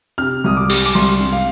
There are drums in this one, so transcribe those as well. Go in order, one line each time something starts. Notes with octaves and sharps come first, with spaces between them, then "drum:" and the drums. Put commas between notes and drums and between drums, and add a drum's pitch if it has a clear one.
C3 F6
C2 D#6
D6
G3, drum: cymbal
D6
C2 C6
C3
F5